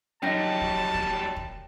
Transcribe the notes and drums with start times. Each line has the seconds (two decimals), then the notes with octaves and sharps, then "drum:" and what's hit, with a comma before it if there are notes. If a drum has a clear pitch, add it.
0.23 F#2 F#3 G3 D#4 G5 A5 G6 A#6
0.61 drum: kick
0.94 drum: kick
1.37 drum: kick